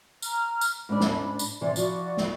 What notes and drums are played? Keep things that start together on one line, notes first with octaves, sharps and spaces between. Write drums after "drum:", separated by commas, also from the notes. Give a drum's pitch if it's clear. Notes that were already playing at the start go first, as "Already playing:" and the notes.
A#5 F6, drum: tambourine
drum: tambourine
G#2 C#4 D4 D5 B5
drum: snare
drum: tambourine
C3 E3 D5 C6
F3 E4 F#4 D5, drum: tambourine
drum: snare